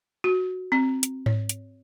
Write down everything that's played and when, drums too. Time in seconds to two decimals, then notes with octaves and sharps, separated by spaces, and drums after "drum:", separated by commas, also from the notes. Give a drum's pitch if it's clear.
0.24 F#4
0.72 C4
1.03 drum: hi-hat
1.26 C#5, drum: tom G#2
1.49 drum: hi-hat